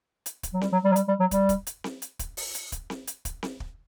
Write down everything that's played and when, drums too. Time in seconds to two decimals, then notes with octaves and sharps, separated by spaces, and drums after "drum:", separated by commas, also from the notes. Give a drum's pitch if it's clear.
0.26 drum: hi-hat
0.43 drum: kick, hi-hat
0.53 F#3
0.61 G3, drum: snare C4
0.72 F#3
0.84 G3
0.92 F#3
0.96 G3, drum: hi-hat
1.08 G3
1.20 F#3
1.31 G3, drum: kick, hi-hat
1.49 drum: kick, hi-hat
1.67 drum: hi-hat
1.84 drum: snare C4
2.02 drum: hi-hat
2.19 drum: kick, hi-hat
2.37 drum: open hi-hat
2.55 drum: hi-hat
2.72 drum: kick, hi-hat
2.90 drum: snare C4
3.07 drum: hi-hat
3.25 drum: kick, hi-hat
3.43 drum: snare C4
3.60 drum: kick